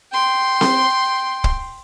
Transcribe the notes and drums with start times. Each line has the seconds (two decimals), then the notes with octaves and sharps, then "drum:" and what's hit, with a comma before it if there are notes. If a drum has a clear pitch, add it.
0.12 G5 C6
0.61 drum: snare C4
1.44 drum: kick